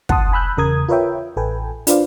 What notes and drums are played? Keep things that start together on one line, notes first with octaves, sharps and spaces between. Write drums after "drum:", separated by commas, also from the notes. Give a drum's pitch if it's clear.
F#5 A5 C6 D#6, drum: kick
G#5 B5 E6 F#6 G6
E2 C#3 A#4 D#6 G#6
F4 A#4 B4 C#5 E5 G5
A1 A4 B4 G5 G#5
D4 F4 B4 C5 D5 F5, drum: hi-hat